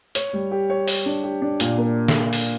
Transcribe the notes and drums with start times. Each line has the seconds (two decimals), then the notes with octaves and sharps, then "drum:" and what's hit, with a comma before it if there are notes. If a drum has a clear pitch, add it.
0.15 C#5, drum: hi-hat
0.33 G3
0.51 G4
0.70 C#5
0.88 C#5, drum: open hi-hat
1.06 D4
1.23 G4
1.42 D4
1.60 A#2, drum: hi-hat
1.78 A#3
2.08 drum: snare
2.33 drum: open hi-hat